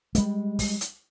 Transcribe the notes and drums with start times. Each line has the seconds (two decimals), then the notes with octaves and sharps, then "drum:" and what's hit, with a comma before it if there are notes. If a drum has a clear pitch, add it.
0.15 G3 G#3, drum: hi-hat
0.59 drum: kick, open hi-hat
0.81 drum: hi-hat